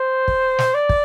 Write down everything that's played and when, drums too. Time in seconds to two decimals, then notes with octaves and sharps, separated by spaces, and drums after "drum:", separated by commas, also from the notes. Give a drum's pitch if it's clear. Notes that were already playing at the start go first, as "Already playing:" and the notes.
Already playing: C5
0.28 drum: kick
0.59 drum: snare
0.74 D5
0.89 drum: kick